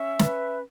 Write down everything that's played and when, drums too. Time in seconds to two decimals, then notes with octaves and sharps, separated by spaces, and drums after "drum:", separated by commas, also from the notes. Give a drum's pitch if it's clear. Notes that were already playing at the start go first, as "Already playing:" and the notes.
Already playing: C#4 E5
0.19 B4, drum: snare